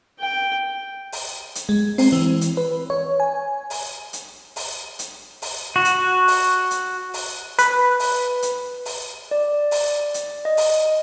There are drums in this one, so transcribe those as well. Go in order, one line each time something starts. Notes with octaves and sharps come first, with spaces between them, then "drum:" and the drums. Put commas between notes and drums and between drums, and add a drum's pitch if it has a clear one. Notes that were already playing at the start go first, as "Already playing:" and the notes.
G5
drum: open hi-hat
drum: hi-hat
G#3
C4, drum: open hi-hat
E3
drum: hi-hat
B4
C#5
G#5
drum: open hi-hat
drum: hi-hat
drum: open hi-hat
drum: hi-hat
drum: open hi-hat
F#4
drum: hi-hat
drum: open hi-hat
drum: hi-hat
drum: open hi-hat
B4, drum: hi-hat
drum: open hi-hat
drum: hi-hat
drum: open hi-hat
D5
drum: open hi-hat
drum: hi-hat
D#5
drum: open hi-hat